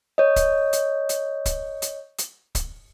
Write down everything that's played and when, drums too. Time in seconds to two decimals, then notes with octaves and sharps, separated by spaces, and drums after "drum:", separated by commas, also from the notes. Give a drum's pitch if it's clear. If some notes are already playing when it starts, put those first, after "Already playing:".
0.18 C#5 D#5
0.36 drum: kick C#1, hi-hat
0.73 drum: hi-hat
1.09 drum: hi-hat
1.45 drum: kick C#1, hi-hat
1.82 drum: hi-hat
2.18 drum: hi-hat
2.55 drum: kick C#1, hi-hat